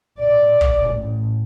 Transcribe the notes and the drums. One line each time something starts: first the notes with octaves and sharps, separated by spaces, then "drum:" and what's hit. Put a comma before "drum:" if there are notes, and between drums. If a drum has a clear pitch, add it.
D5
drum: kick
A1